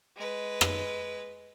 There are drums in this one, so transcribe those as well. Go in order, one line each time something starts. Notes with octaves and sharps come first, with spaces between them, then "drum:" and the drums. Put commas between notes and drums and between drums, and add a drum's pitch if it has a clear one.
G#3 B4
drum: rim click